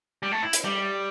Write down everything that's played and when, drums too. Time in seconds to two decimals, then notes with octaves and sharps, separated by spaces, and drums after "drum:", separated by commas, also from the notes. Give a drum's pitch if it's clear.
0.23 G3
0.31 A3
0.43 E4
0.53 drum: hi-hat
0.65 G3